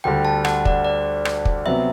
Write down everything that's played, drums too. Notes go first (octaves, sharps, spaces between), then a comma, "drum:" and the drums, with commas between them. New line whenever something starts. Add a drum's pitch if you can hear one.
D2 D3 G3 G5
A5
F#5, drum: rim click
D5, drum: kick
D5
drum: rim click
drum: kick
C3 F#3 B3 E5